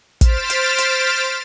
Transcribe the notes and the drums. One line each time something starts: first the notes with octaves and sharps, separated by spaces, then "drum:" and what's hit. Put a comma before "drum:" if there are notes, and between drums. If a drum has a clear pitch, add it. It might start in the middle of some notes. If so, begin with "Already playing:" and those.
C5 F6 A6 B6 D7 E7, drum: kick, hi-hat
drum: hi-hat
drum: hi-hat